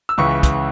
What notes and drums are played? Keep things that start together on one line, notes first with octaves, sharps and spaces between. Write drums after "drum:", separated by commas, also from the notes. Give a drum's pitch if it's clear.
E6
C#2 C#3 E3 C#6
drum: kick, hi-hat